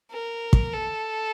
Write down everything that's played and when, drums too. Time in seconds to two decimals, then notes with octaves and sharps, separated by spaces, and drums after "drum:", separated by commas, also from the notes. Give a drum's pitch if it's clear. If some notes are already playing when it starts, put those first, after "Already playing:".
0.12 A#4
0.53 drum: kick
0.74 A4